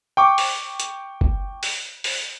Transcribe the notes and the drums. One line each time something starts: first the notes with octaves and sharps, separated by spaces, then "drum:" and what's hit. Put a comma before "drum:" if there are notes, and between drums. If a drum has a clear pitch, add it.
G5 C#6 D6
drum: open hi-hat
drum: hi-hat
drum: kick
drum: open hi-hat
drum: open hi-hat